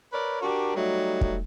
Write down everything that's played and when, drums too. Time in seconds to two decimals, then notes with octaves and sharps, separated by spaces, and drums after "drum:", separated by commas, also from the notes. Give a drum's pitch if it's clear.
0.13 A#4 B4 C#5 D5
0.42 D4 F#4 G4 A#4
0.76 F#3 G3 A3 D#4
1.21 drum: kick